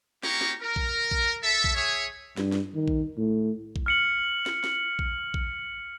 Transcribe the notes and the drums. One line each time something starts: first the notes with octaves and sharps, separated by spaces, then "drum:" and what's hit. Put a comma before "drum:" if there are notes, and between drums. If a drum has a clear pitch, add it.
A#3 C#4 G4 G#4 A#5 C#6, drum: snare
drum: snare
A#4
drum: kick A#1
drum: kick A#1
A4 E5
drum: kick A#1
G#4 C#5 E5
G2, drum: snare
drum: snare
D#3
drum: kick A#1
A2
drum: kick A#1
F6 C#7 F#7
drum: snare
drum: snare
drum: kick A#1
drum: kick A#1